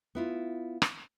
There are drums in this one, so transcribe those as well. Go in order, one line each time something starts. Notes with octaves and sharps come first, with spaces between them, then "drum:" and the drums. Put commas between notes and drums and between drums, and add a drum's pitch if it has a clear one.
B3 E4 F4
drum: rim click